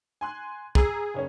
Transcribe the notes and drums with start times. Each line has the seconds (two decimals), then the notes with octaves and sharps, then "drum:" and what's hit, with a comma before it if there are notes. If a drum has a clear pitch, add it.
0.21 G#5 C6 F#6
0.75 G#4 A#5 E6 C7, drum: kick
1.14 F#1 C#4 C#5